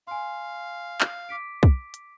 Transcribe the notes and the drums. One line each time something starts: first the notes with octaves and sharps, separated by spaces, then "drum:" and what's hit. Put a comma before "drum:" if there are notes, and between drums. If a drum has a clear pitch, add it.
F5 G#5 C6
drum: clap
D6 B6 D7
drum: kick
drum: hi-hat